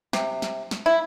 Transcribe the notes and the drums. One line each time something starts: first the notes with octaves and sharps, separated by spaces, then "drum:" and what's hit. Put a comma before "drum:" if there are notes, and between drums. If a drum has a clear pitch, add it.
C3, drum: snare
drum: snare
drum: snare
E4